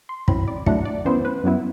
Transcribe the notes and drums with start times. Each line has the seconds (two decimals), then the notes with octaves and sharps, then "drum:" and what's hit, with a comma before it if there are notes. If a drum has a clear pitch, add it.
0.09 C6
0.28 F#2 F#3 C4 E4 B5, drum: kick
0.48 D5
0.66 A2 F#3 A3 D4 F#5, drum: kick
0.85 D5
1.05 F#2 E3 B3 E4 C5
1.25 B4
1.44 F#2 F#3 B3 E4